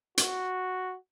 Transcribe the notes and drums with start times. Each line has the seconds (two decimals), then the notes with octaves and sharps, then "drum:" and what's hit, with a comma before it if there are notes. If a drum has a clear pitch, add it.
0.18 F#4, drum: hi-hat